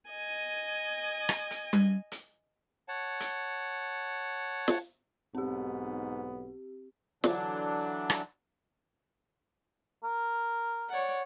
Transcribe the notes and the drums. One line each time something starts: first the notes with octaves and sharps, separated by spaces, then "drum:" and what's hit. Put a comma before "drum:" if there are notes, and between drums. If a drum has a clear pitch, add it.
D#5 G#5
drum: rim click
drum: hi-hat
drum: tom G3
drum: hi-hat
C#5 F#5 A5
drum: hi-hat
drum: snare
B1 G#2 B3 C4 G4
D3 E3 F#3 D4, drum: snare
drum: rim click
A#4
C#5 D5 F#5